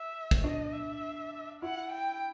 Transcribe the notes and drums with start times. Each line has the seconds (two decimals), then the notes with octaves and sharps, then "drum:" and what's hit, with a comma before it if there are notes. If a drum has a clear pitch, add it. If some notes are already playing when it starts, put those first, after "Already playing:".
Already playing: E5
0.31 drum: kick
0.43 D4 D#5
0.73 E5
1.62 E4 F#5
1.92 G5